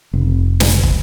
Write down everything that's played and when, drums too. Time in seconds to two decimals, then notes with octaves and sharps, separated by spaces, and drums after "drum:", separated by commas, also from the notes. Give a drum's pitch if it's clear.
0.14 F1
0.60 drum: snare
0.83 drum: kick